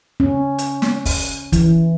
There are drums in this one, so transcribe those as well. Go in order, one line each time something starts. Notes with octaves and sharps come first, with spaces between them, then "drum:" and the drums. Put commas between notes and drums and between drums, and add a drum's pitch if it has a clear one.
C#4
drum: hi-hat
drum: snare
drum: kick, open hi-hat
E3, drum: kick, hi-hat